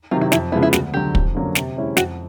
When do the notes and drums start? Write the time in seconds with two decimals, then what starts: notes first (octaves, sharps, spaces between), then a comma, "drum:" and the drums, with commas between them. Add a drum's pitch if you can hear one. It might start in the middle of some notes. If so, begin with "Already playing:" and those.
0.11 C3 D#3 F#3 F4
0.21 E4
0.32 F2 E4, drum: snare
0.52 C#3 F3 G#3 B3 E4
0.63 E4
0.73 D2 F#4, drum: snare
0.94 D3 F#3 G4
1.15 F2, drum: kick
1.35 D3 F#3 A#3 C#4
1.55 C3, drum: snare
1.76 E3 G#3 C#4 E4
1.97 F2 F#4, drum: snare